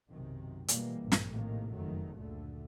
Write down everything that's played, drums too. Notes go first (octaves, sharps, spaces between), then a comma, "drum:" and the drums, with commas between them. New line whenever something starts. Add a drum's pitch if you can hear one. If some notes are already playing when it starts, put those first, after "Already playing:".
B1 F#2 C3 D#3
B2 E3 G3 G#3 A#3, drum: hi-hat
A#1 G2 A#2
drum: snare
A2 C3 D#3 A#3
F#1 F2 D#3 F#3 A3
D2 A#2 D3 A3